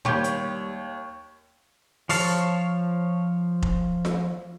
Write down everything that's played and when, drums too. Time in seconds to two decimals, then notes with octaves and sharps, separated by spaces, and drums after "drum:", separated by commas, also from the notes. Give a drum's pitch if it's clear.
0.05 D#2 G3 G4 C#5 G6
0.24 drum: hi-hat
2.09 F3 C#5 F5 A5, drum: open hi-hat
3.62 drum: kick F1
4.05 drum: snare F4